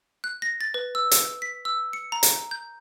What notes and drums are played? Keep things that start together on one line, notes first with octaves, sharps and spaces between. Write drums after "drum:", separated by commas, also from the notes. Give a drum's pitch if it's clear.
F#6
A#6
A6
B4
E6
drum: hi-hat
B6
E6
C#7
A#5
drum: hi-hat
G6